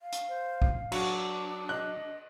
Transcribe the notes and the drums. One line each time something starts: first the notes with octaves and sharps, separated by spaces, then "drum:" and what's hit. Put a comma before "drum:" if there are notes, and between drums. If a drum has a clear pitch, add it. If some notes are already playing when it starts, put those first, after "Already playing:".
F5
drum: hi-hat
C5
drum: kick A#1
F#3 D4 F#4 C#6, drum: cymbal
D#5 F#6